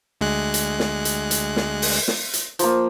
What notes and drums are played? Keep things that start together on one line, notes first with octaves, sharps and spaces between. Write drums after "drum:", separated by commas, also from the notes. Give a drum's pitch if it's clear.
D2 G#3 F#6
drum: hi-hat
drum: snare
drum: hi-hat
drum: hi-hat
drum: snare
drum: open hi-hat
drum: snare
drum: hi-hat
F3 A#3, drum: hi-hat